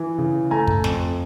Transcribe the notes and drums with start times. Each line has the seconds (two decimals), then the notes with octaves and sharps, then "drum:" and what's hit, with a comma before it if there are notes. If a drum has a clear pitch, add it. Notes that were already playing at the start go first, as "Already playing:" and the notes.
Already playing: E3
0.18 C#3
0.51 A3 G#5 A#5
0.67 drum: kick
0.84 F2, drum: snare